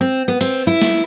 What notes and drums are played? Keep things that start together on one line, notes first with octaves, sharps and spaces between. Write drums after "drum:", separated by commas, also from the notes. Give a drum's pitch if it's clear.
C4
B3
C4, drum: cymbal
E4
drum: snare